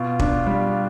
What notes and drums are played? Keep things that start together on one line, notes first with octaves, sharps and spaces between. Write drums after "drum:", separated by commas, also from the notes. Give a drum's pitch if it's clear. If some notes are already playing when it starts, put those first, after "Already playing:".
Already playing: B2 F4
D4, drum: kick
G3